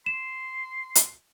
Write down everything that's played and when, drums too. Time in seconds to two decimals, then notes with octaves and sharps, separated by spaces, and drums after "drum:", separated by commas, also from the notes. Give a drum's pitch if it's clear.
0.06 C6 E7
0.95 drum: hi-hat